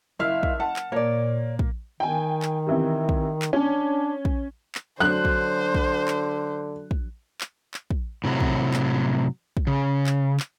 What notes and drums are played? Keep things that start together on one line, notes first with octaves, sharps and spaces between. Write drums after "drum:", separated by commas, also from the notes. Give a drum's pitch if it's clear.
F#1 E4 E5 F5 F6
drum: kick
F#5 A5
drum: clap
A#2 A#3 C#5 D5
drum: kick
D#3 G5 G#5
drum: clap
C3 E3 G3
drum: kick
drum: clap
C#4 D4
drum: kick
drum: clap
D3 F#3 D4 C5 F#6
drum: kick
drum: kick
drum: clap
drum: kick
drum: clap
drum: clap
drum: kick
A2 C3 F#3
drum: kick
drum: clap
drum: kick
C#3
drum: clap
drum: clap